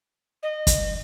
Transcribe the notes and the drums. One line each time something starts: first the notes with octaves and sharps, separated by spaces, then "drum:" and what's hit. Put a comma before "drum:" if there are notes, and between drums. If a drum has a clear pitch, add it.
D#5
drum: kick, hi-hat